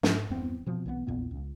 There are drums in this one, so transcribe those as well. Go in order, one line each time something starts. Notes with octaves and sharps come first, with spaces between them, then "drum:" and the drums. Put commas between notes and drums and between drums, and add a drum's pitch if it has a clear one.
G#2, drum: snare
E2 G2 B3 C4
B2 F3 C4
B1 E3 G3 B3
A#1 E2 A#2 B3
C#2